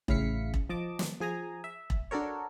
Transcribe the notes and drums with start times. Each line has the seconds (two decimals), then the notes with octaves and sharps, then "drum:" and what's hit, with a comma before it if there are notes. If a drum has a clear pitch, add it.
0.08 A1 C#3 E4 F5 B6 C#7, drum: kick E1
0.54 drum: kick E1
0.69 F3 D#5 A5 D6
0.99 drum: snare
1.20 F3 G#4 G#5 A#5
1.64 E5
1.90 drum: kick E1
2.11 D4 F#4 A4 A#4 C#5